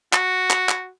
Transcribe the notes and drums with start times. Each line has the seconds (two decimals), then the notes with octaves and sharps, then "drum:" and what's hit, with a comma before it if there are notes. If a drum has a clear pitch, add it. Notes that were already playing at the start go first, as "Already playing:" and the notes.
0.13 F#4, drum: clap
0.50 drum: clap
0.69 drum: clap